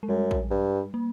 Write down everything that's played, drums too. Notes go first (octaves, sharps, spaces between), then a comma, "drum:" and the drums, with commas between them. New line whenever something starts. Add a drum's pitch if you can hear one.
G#3
F#2 G3
drum: kick A#1
G2
A#3